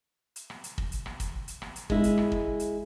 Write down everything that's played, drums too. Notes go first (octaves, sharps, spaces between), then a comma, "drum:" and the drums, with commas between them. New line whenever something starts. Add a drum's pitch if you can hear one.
drum: hi-hat
drum: rim click
drum: hi-hat
drum: kick
drum: hi-hat
drum: rim click
drum: kick, hi-hat
drum: hi-hat
drum: rim click
drum: hi-hat
G#3 E4, drum: kick
drum: hi-hat
drum: rim click
drum: kick
drum: hi-hat